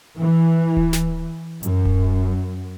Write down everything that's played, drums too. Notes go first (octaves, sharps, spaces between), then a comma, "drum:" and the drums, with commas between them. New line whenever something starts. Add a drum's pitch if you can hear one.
E3
drum: kick D1
drum: snare
F#2, drum: hi-hat
drum: kick D1